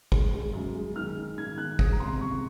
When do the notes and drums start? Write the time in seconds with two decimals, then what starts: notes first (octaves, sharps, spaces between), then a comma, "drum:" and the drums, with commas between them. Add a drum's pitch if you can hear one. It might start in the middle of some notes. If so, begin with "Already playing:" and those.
0.12 G#3, drum: kick
0.34 G#3
0.53 F#2
0.75 G#3
0.96 D#3 F6
1.17 D#3
1.38 D#3 G#6
1.58 D#3 F#6
1.79 G#3 D#6, drum: kick
1.92 A#5
2.00 C3 C6
2.21 C3 C#6